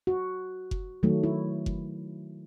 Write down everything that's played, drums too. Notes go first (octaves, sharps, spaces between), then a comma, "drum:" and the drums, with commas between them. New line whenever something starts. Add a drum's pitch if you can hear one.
F#4
drum: kick F#1
D#3 F#3 A3
E4
drum: kick F#1